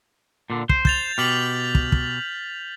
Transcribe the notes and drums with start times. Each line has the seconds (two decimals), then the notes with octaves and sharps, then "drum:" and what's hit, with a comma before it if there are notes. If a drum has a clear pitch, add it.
0.50 A#2 D3
0.69 C5, drum: kick
0.85 G6 A6 F7, drum: kick
1.18 B2 G4 F6 B6 F#7
1.75 drum: kick
1.92 drum: kick